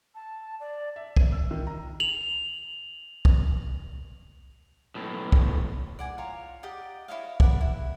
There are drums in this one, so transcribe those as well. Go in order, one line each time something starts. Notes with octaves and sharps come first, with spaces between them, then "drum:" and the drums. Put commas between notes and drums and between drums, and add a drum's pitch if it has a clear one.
A5
D5
E5
D#7, drum: kick
E6
D#3
A#5
F7 F#7
drum: kick
B1 A2
drum: kick
D5 F#5 G#5
F4 C#5 A#5
G4 D5 D#5 F#5
E4 C#5 D#5 F5
D5 F#5 B5, drum: kick
E4